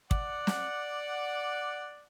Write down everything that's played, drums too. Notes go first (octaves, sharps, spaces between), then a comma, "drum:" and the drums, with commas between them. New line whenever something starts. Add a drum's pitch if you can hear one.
D5 F#5, drum: kick
drum: snare